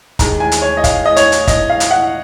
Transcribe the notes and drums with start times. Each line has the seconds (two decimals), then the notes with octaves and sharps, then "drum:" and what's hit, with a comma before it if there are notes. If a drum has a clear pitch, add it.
0.19 D#2 D#3 G#3 A#5, drum: kick, hi-hat
0.40 G#5
0.52 drum: hi-hat
0.62 C#5
0.77 D#5
0.84 F5, drum: kick, hi-hat
1.06 D#5
1.16 C#5, drum: hi-hat
1.32 drum: hi-hat
1.47 D#5, drum: kick, hi-hat
1.70 F5
1.80 drum: hi-hat
1.91 F#5